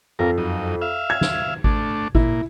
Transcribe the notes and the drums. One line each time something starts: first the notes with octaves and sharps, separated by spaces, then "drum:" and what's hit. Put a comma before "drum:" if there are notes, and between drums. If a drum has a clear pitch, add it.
F2 F3 A#4
F#2 D#4
E5 F5
G#6
drum: snare
A3 D4, drum: kick G#1
A#2 E4, drum: kick G#1